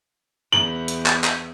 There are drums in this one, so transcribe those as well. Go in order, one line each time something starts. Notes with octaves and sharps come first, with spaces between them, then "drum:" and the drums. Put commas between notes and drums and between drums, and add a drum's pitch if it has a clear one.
E2 F#7
drum: hi-hat
drum: clap
drum: clap